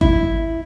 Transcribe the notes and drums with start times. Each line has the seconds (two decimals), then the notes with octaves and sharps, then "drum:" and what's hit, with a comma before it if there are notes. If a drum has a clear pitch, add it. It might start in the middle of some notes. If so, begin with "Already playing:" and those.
0.01 E4, drum: kick G#1